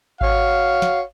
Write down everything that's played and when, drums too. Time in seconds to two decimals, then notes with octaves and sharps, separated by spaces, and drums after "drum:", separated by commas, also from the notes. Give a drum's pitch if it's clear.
0.21 F#4 C#5 F5, drum: kick G#1
0.82 drum: snare